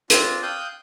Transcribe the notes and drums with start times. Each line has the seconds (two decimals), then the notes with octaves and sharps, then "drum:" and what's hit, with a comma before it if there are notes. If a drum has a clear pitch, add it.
0.10 C4 D4 F4, drum: hi-hat
0.42 F5 G5 D#6 F#6 G6